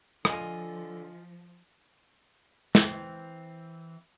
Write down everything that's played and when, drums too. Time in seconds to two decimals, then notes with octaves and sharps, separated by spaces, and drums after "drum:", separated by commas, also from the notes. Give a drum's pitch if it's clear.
0.25 D3 F3 F4 D#5 G#5, drum: rim click
2.75 E3 C4, drum: snare